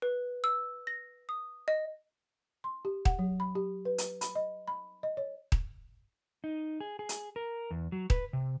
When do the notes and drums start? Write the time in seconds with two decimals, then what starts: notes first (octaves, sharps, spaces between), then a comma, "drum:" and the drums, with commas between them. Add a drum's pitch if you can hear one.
0.02 B4
0.44 E6
0.87 A#6
1.29 D#6
1.68 D#5
2.64 C6
2.85 G4
3.05 F#5, drum: kick D#1
3.19 F#3
3.40 B5
3.55 G4
3.85 B4
3.98 drum: hi-hat
4.21 B5, drum: hi-hat
4.35 D#5
4.68 B5
5.03 D#5
5.17 C#5
5.52 drum: kick D#1
6.44 D#4
6.80 G#4
6.99 G#4
7.09 drum: hi-hat
7.36 A#4
7.71 E2
7.92 F#3
8.10 B4, drum: kick D#1
8.33 C3